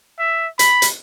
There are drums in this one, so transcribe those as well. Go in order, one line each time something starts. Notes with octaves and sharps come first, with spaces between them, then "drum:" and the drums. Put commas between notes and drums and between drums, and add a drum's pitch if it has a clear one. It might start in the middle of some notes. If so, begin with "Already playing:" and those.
E5
B5, drum: hi-hat
drum: hi-hat